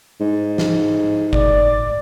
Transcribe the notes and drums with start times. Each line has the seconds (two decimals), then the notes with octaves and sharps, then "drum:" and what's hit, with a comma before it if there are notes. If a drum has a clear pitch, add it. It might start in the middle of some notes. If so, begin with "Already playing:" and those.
0.20 G#2
0.58 drum: snare
1.33 D5, drum: kick F#1